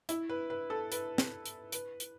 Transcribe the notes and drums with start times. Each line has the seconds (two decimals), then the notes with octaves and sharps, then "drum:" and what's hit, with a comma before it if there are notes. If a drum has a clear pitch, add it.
0.09 E4, drum: hi-hat
0.29 B4
0.50 B4
0.70 A4
0.92 B4, drum: hi-hat
1.18 drum: snare
1.46 drum: hi-hat
1.72 B4, drum: hi-hat
2.00 drum: hi-hat